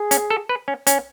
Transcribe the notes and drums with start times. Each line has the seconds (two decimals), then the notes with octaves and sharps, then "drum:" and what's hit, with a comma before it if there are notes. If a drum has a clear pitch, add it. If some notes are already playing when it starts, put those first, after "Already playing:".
Already playing: G#4
0.11 C#4, drum: hi-hat
0.30 A4
0.49 B4
0.68 C#4
0.87 C#4, drum: hi-hat